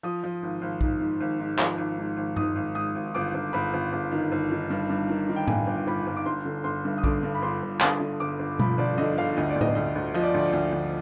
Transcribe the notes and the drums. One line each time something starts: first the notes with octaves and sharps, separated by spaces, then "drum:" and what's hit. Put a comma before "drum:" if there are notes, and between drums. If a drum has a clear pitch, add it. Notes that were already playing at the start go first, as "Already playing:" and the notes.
F3 D#6
F3
G#1
G#1
G#2, drum: kick A#1
G#2
G#1
G#2
F3, drum: clap
G#1
G#2
G#1
G#2 D#6, drum: tom G2
G#1
G#2 D#6
G#1
G1 D6
G1
G1 B5
G1
G1
D#3
G1
D#3
G2
G2
D#3
D#3
G5
G2 G#5, drum: tom A2
G1
G1 B5
G1
D6
G1 C6
D3
G1 C6
G2
D#6
D3 D6, drum: kick A#1
G2
B5
G1 C6
G1
D3 D#6, drum: clap
D3
G1 D6
G1
F3 B5, drum: tom B2
G1 D5
D3 D#5
G1 F5
D2 D#5
D5
D2
D#5, drum: tom A2
D2 D#5
D2
F3 D#5
D5
D2 D5
D2
D2